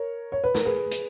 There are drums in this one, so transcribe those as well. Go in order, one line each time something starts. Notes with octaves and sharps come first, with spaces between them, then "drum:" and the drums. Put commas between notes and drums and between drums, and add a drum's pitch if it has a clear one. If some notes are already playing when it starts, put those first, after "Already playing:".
Already playing: A#4 C#5
C#5
B4
A#4, drum: snare
G#4 B4
drum: hi-hat